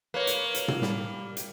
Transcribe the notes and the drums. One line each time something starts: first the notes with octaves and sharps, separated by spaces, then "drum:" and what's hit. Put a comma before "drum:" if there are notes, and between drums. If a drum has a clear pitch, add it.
A#3 B4 C#5
drum: hi-hat
drum: hi-hat
drum: tom
G3, drum: snare
drum: hi-hat